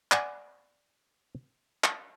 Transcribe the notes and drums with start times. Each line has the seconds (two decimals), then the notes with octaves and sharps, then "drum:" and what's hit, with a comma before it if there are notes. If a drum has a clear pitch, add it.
0.12 D5 F#5 G#5, drum: clap
1.84 drum: clap